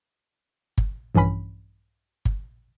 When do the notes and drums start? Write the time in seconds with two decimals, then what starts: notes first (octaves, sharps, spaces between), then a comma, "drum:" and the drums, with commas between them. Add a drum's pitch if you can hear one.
0.78 drum: kick G1
1.15 A#1 G2 E3 C#4 B5
2.25 drum: kick G1